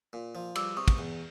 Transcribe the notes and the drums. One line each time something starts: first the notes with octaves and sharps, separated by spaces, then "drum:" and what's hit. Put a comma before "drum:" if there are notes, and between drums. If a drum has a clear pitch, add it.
A#2
F3
G3 D6 E6, drum: cymbal
C3 C#6 D#6
drum: kick, cymbal
E2